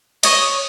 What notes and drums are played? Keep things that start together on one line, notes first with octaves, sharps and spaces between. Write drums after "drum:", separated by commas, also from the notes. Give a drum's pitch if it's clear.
C#5 D#5, drum: cymbal